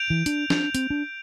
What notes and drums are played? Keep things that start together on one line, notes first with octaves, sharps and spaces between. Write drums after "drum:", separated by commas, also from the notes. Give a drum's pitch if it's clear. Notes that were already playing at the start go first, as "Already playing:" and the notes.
Already playing: G6 D7 F7
E3
D4, drum: hi-hat
D4, drum: snare
C4, drum: hi-hat
D4